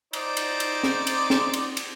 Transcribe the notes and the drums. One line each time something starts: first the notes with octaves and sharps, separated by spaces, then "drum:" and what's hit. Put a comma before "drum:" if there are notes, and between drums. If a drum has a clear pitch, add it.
D#4 C5 D5, drum: cymbal
drum: cymbal
drum: cymbal
drum: snare
drum: cymbal
drum: snare
drum: cymbal
drum: cymbal